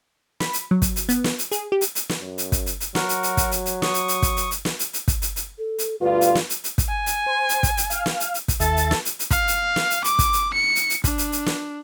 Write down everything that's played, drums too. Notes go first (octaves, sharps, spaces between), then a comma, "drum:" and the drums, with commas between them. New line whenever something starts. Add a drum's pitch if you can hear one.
B5, drum: snare
drum: hi-hat
F#3
drum: kick, hi-hat
drum: hi-hat
B3, drum: hi-hat
drum: snare
drum: hi-hat
G#4, drum: hi-hat
G4
drum: hi-hat
drum: hi-hat
drum: snare
F#2
drum: hi-hat
drum: kick, hi-hat
drum: hi-hat
drum: hi-hat
F#3 F#4 A#4, drum: snare
drum: hi-hat
drum: hi-hat
drum: kick, hi-hat
drum: hi-hat
drum: hi-hat
C#6 D#6, drum: snare
drum: hi-hat
drum: hi-hat
drum: kick, hi-hat
drum: hi-hat
drum: hi-hat
drum: snare
drum: hi-hat
drum: hi-hat
drum: kick, hi-hat
drum: hi-hat
drum: hi-hat
A4
drum: hi-hat
D2 G2 F4 B4
drum: hi-hat
drum: snare
drum: hi-hat
drum: hi-hat
drum: kick, hi-hat
G#5
drum: hi-hat
C5
drum: hi-hat
drum: kick, hi-hat
drum: hi-hat
F5, drum: hi-hat
drum: snare
drum: hi-hat
drum: hi-hat
drum: kick, hi-hat
D#2 A4 E5 A6, drum: hi-hat
drum: hi-hat
drum: snare
drum: hi-hat
drum: hi-hat
F5, drum: kick, hi-hat
drum: hi-hat
drum: snare
drum: hi-hat
D6, drum: hi-hat
drum: kick, hi-hat
drum: hi-hat
C#7
drum: hi-hat
drum: hi-hat
D4, drum: kick, hi-hat
drum: hi-hat
drum: hi-hat
drum: snare